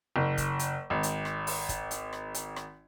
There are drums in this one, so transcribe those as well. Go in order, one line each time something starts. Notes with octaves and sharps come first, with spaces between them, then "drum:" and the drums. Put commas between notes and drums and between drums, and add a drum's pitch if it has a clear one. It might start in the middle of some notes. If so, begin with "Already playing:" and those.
F#1
drum: kick, hi-hat
drum: hi-hat
G#1
drum: hi-hat
drum: rim click
drum: open hi-hat
drum: kick, hi-hat
drum: hi-hat
drum: rim click
drum: hi-hat
drum: rim click